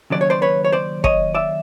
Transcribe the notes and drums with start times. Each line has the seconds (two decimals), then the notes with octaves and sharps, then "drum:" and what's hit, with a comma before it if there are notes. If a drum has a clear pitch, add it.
0.10 D#2 C#3 F#3 D5
0.21 C#5
0.30 C5 D5
0.42 B4 C#5
0.65 C#5
0.72 C5 D5
1.04 C#5 D#5, drum: kick
1.35 D5 E5